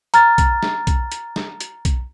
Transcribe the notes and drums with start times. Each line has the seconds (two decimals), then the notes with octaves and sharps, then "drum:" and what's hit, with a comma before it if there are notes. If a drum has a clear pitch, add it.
0.14 A#5 F6 A6, drum: hi-hat
0.38 drum: kick, hi-hat
0.63 drum: snare
0.87 drum: kick, hi-hat
1.12 drum: hi-hat
1.36 drum: snare
1.61 drum: hi-hat
1.85 drum: kick, hi-hat